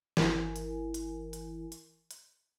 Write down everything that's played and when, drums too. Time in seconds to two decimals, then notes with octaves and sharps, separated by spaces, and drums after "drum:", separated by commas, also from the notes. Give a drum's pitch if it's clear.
0.17 G1 E3 E4 A#4 G#5, drum: snare
0.56 drum: hi-hat
0.94 drum: hi-hat
1.33 drum: hi-hat
1.72 drum: hi-hat
2.11 drum: hi-hat